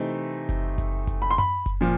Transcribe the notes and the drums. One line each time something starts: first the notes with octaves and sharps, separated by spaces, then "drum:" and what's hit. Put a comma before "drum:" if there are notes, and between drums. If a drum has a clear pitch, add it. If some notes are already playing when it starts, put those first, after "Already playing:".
Already playing: C3 E3 A3 C4 D#4
drum: kick F#1, hi-hat
drum: kick F#1, hi-hat
drum: kick F#1, hi-hat
B5
C6
B5, drum: tom F#2
drum: kick F#1, hi-hat
A#2 F3